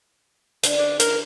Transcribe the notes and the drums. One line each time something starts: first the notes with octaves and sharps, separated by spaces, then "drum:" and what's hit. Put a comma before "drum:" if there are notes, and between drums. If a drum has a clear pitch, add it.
D3, drum: hi-hat
D4
A#4, drum: hi-hat